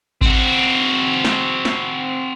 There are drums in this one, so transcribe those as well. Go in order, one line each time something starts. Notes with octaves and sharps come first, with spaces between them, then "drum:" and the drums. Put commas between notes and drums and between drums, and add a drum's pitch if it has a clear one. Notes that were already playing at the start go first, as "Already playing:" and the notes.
C4 F#4, drum: kick G#1
drum: snare
drum: snare